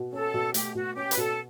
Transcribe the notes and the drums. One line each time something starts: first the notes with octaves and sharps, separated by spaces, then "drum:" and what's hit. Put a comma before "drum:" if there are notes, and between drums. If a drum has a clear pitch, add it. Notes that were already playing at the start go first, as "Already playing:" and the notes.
Already playing: B2
C#4 A4
B2
A3 G4, drum: hi-hat
B2 F#4
C#4 G4
B4, drum: hi-hat
B2 A4